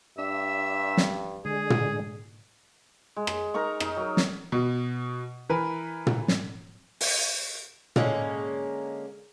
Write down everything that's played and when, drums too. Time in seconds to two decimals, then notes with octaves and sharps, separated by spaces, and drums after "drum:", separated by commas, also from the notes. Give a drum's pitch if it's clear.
0.18 G2 D4 E5 E6
0.97 drum: snare
1.45 D3 G#3 G#4
1.70 drum: tom
3.16 G#3
3.27 drum: rim click
3.54 D#4 A#4 A#5 C#6
3.80 D#4, drum: rim click
3.97 F#3 A#4
4.17 drum: snare
4.52 B2
5.49 E3 A#4 B4
6.07 drum: tom
6.28 drum: snare
7.01 drum: open hi-hat
7.96 D3 G#3 A#3 C#4, drum: tom